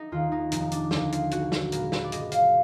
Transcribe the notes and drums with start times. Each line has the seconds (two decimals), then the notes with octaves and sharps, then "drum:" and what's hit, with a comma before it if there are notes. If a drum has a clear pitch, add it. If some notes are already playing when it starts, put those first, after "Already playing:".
Already playing: D#4
0.12 D#2 D#3 A#3 F4
0.32 D#4
0.52 F1 D#4, drum: hi-hat
0.71 D4, drum: hi-hat
0.91 D#2 D3 D#4, drum: snare
1.12 F4, drum: hi-hat
1.31 B1 F#4, drum: hi-hat
1.52 drum: snare
1.72 A#2 G#3 B3 A#4, drum: hi-hat
1.92 B4, drum: snare
2.04 D5
2.12 F#1 D#5, drum: hi-hat
2.32 F5, drum: hi-hat